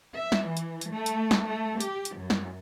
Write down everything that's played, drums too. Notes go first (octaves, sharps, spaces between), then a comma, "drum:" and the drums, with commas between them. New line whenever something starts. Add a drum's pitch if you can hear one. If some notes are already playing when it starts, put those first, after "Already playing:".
E5
drum: snare
E3
drum: hi-hat
drum: hi-hat
A3
drum: hi-hat
drum: snare
A3
G4, drum: hi-hat
drum: hi-hat
F#2
drum: snare